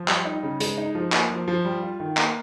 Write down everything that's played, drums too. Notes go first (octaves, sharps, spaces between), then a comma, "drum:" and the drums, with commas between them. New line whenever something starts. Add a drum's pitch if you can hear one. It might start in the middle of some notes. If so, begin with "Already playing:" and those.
Already playing: F3
G3, drum: clap
D#4
C#3
G#3, drum: hi-hat
D#4
F3
A#3, drum: clap
F3
F3
G3
F4
D#3
A#3, drum: clap